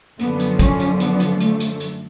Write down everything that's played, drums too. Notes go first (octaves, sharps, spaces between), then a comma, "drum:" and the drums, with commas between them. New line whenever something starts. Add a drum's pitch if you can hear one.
F#2 D3 F3 B3, drum: hi-hat
drum: hi-hat
C#4, drum: kick, hi-hat
drum: hi-hat
B3, drum: hi-hat
drum: hi-hat
A3, drum: hi-hat
drum: hi-hat
drum: hi-hat